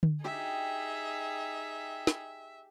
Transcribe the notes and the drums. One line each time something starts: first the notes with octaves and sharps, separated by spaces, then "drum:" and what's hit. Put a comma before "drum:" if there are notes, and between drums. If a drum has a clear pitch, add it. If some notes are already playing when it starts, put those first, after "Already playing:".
drum: tom D3
D#4 G4 G#4 E5
drum: snare